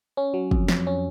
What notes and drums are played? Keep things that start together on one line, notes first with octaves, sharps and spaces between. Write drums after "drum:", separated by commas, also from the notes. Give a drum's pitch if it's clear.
C#4
F#3
F2, drum: kick
F2, drum: snare
C#4